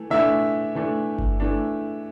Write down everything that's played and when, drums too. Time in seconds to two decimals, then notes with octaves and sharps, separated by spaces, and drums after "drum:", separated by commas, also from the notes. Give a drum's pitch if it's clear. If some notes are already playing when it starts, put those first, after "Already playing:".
Already playing: E3 A3
0.10 E3 A3 D4 E5
0.75 E3 A3 D4
1.18 drum: kick G1
1.40 E3 A3 D4